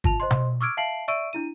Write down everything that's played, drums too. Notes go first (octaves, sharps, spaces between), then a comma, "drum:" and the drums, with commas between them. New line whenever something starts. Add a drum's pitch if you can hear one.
F4 A5 F7, drum: kick G1
C5 D#5 C6
drum: tom B2
C#6 D6 E6 F6 G#6 D7
E5 F5 A5 C7 D7 F#7
D5 E5 C#6 E6 D7 D#7
D4 E4 D#7